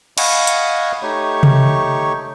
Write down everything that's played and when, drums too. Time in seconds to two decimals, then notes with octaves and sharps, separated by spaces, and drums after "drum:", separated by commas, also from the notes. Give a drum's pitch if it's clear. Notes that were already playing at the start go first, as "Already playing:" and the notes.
0.18 D#5 F5 F#5 G#5 B5 C#6, drum: cymbal
0.47 drum: hi-hat
1.03 A3 D#4 G4 C#5 C#6
1.43 drum: tom C3